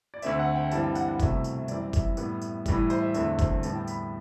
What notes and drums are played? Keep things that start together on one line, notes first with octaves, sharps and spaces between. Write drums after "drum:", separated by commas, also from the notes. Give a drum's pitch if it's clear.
D5
D2 D3 A3 C4 E5, drum: tambourine
F#5
G5
G2 E3 G3 C4 A5, drum: tambourine
G5
F#5, drum: tambourine
F#5
C2 B2 A3 C4 E5, drum: kick F#1, tambourine
drum: tambourine
E5
F#2 E3 G3 C4 D5, drum: tambourine
E5, drum: kick F#1, tambourine
A2 G3 B3, drum: tambourine
drum: tambourine
A2 E3 G3, drum: kick F#1, tambourine
C5, drum: tambourine
E5
E2 D3 A3 C4 E5, drum: tambourine
C5, drum: kick F#1, tambourine
A2 G3 B3 A5, drum: tambourine
G5
B5, drum: tambourine